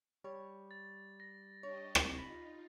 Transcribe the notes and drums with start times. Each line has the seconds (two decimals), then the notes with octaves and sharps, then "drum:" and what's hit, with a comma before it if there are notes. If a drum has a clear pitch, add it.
0.24 G3 C#5
0.71 A6
1.20 A#6
1.63 D4 G4 C#5 D#5
1.95 drum: rim click
2.18 D#4 F4 B5